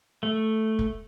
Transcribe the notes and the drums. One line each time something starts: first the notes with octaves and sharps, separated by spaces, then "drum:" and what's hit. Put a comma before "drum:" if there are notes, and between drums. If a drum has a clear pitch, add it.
A3
drum: kick